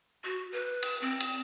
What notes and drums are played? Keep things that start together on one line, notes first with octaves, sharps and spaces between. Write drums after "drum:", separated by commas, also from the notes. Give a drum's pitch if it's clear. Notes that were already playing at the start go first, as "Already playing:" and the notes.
F#4
B4
drum: cymbal
C4
drum: cymbal